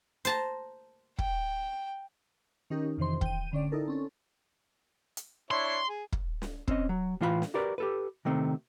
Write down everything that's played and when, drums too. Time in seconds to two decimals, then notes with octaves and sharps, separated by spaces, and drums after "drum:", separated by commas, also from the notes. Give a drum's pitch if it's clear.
0.25 C5 A5 A#5, drum: hi-hat
1.18 G5, drum: kick
2.70 D#3 C#4 D#4 G4 A#4
2.98 F2 C3 D#3 E3 C5 C6
3.21 G5 D#7, drum: kick
3.52 A1 D3 C#4 D5
3.72 D#4 E4 A4 A#4
3.88 C4 C#4 A4
5.17 drum: hi-hat
5.51 D4 E4 C#5 C6
5.89 G#4
6.12 drum: kick
6.42 drum: snare
6.68 C4 C#4 D#5, drum: kick
6.89 F#3
7.21 A2 E3 F4 F#5 B5
7.42 drum: snare
7.54 F#4 G4 A#4 B4 D5
7.78 G4 A4 B4
8.25 C3 D#3 A3 C4